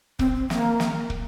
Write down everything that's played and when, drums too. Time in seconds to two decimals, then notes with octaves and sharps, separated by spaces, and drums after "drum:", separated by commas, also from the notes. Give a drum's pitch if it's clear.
0.19 C4, drum: kick
0.35 C4
0.50 A#3, drum: snare
0.80 drum: snare
1.10 drum: kick